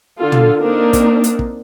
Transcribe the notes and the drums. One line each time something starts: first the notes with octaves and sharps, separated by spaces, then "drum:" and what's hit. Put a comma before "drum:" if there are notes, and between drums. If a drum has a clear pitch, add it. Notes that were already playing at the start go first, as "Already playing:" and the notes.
D3 F4 A4
drum: tom
A#3 C4 D4 D#4 A#4
drum: kick, hi-hat
drum: hi-hat
drum: kick